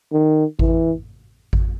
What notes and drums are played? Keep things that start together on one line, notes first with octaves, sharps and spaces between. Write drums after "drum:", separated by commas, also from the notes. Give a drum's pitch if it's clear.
D#3
E3, drum: kick G#1
drum: kick G#1